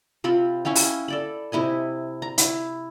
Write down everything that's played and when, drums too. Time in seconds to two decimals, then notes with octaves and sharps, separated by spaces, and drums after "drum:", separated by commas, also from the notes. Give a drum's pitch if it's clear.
0.24 C3 C4 F4 B5
0.65 C#4 E4 F5 G5
0.75 drum: open hi-hat
1.08 A4 D5 B5
1.52 C3 E4 D#5 G#5
2.22 A#5
2.38 E4, drum: hi-hat